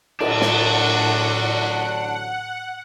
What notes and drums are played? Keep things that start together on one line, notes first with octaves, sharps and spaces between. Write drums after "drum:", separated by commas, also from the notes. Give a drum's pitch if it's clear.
A1 A2 D3 F#3 D4 F#5, drum: cymbal
drum: snare